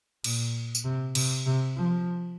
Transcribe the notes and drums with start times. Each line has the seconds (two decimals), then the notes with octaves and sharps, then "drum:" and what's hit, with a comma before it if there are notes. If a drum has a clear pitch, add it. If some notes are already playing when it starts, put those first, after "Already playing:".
0.24 A#2, drum: cymbal
0.75 drum: tambourine
0.84 C3
1.15 C3, drum: cymbal
1.46 C3
1.77 F3